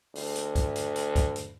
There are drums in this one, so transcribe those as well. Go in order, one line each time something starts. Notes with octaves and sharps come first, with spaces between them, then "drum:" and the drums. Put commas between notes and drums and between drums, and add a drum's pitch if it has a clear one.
D2, drum: open hi-hat
drum: hi-hat
drum: kick, hi-hat
drum: hi-hat
drum: hi-hat
drum: kick, hi-hat
drum: hi-hat